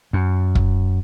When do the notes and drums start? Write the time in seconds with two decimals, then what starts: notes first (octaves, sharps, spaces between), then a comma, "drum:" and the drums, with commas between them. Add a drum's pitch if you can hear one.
0.13 F#2
0.55 drum: kick